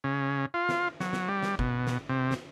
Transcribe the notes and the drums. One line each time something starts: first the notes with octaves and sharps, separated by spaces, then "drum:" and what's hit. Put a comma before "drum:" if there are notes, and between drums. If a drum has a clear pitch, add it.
C#3
F4
drum: snare
F#3, drum: snare
drum: snare
G3
drum: snare
B2, drum: kick
drum: snare
C3
drum: snare